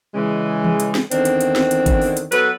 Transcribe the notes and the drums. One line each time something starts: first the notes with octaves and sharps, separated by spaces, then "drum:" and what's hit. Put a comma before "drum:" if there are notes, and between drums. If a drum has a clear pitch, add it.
C#3 E3 G#3
drum: tom E3
drum: hi-hat
drum: snare
E2 D3 D#3 C4 D4, drum: hi-hat
drum: hi-hat
drum: hi-hat
drum: snare
drum: hi-hat
drum: kick G#1, hi-hat
drum: open hi-hat
drum: hi-hat
F#3 B3 A4 B4, drum: hi-hat